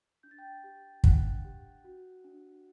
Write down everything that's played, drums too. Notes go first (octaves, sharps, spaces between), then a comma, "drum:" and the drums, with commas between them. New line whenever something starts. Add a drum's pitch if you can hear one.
D4 G6
A6
G5 G6
G4
D4 F#5 F#6, drum: kick
G4
F#4
D4